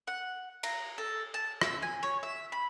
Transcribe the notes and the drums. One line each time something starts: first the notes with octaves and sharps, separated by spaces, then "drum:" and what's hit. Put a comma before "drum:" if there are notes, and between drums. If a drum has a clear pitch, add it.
F#5
A#5, drum: cymbal
A4
A5
E5, drum: rim click
G#5
C#5
E5
B5